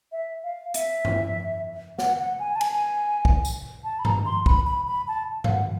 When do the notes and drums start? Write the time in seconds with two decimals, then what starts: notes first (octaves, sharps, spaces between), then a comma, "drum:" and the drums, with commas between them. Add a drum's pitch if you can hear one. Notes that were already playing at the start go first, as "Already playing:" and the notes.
0.12 E5
0.44 F5
0.74 E5, drum: hi-hat
1.05 drum: tom G2
1.99 F#5, drum: snare
2.19 F#5
2.40 G#5
2.56 A5
2.61 G#5, drum: cymbal
3.25 drum: kick
3.45 drum: tambourine
3.84 A5
3.99 B5
4.05 A#5, drum: tom G2
4.26 C6
4.46 B5, drum: kick
4.67 B5
4.87 B5
5.08 A5
5.44 F5, drum: tom G2
5.49 F#5